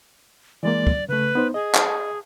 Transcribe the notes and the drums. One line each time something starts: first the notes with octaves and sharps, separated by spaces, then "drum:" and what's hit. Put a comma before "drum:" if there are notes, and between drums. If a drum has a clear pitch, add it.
E3 G#3 A#3 D5
drum: kick
C#3 A3 B4
B3 D#4 C5
G#4 D#5
drum: clap